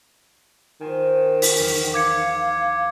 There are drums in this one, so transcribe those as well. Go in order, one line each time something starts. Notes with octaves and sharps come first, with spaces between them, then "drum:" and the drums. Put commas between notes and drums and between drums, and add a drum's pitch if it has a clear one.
D#3 F4 C5 G#5
drum: open hi-hat
F#1 E2
F5 D6 G#6 C#7